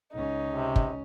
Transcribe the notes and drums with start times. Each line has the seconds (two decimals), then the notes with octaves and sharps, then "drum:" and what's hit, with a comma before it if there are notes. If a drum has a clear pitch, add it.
0.13 C#2 C#4 D#4
0.49 C3
0.76 drum: kick